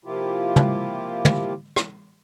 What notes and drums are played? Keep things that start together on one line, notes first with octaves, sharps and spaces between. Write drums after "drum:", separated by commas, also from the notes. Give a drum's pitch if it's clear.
C3 F3 A#3 E4 F4 G4
drum: tom
drum: tom
drum: rim click